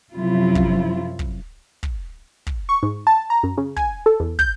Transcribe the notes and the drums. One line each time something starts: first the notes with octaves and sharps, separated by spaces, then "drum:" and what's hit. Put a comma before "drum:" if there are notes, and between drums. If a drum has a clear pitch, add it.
F#2 C3 F3 F#3 E4 F4
drum: kick
drum: kick
drum: kick
drum: kick
C#6
G#2
A5
A#5
F#2
C#3
G#5, drum: kick
A4
E2
G6, drum: kick